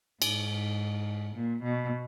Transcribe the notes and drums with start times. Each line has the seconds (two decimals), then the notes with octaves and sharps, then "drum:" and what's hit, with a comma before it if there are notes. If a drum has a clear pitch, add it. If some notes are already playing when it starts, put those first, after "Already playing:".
0.22 G#2, drum: cymbal
1.35 A#2
1.63 B2